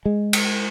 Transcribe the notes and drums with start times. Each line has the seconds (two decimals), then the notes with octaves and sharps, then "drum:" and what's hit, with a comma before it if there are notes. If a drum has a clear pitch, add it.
0.06 G#3
0.33 drum: cymbal